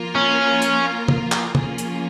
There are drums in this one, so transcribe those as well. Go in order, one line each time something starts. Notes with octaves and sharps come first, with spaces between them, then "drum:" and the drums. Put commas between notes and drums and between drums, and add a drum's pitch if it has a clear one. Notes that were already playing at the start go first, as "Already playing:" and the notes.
Already playing: F3 A#3 F4 A#4
C#4
drum: hi-hat
drum: tom
drum: clap
F3 A#3 C#4 F4 G#4, drum: tom
drum: hi-hat